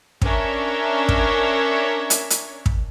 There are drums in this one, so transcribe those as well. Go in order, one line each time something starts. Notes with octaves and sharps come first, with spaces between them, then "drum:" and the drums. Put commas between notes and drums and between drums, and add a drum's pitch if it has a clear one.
C#4 D4 A#4 C#5 E5, drum: kick
drum: kick
drum: hi-hat
drum: hi-hat
drum: kick